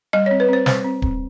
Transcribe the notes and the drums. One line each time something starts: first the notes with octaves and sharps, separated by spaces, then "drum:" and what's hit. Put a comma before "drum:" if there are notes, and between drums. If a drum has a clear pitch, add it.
G3 D#5
C4 C#5
B4
C4 C5
G3 C5, drum: snare
C4
C4, drum: kick D1